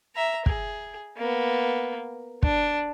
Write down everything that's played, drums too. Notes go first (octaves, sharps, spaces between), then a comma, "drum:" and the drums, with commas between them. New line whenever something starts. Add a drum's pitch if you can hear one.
E5 A#5
G#4, drum: kick
A#3 B3
D4, drum: kick